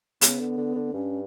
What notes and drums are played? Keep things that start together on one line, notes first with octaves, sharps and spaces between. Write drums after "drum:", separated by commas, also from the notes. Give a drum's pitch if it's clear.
C#3 B3, drum: hi-hat
D3
D3
D3
G2 C#4